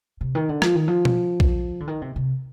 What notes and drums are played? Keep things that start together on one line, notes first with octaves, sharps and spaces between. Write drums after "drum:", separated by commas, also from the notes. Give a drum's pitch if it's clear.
C3
D#3
D3
F3, drum: rim click
D#3
F3
drum: tom
drum: kick
D3
D#3
C3
C3